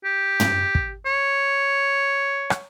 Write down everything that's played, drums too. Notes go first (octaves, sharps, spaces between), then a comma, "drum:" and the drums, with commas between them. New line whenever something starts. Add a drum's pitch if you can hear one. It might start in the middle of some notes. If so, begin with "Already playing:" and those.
G4
drum: tom
drum: kick
C#5
drum: rim click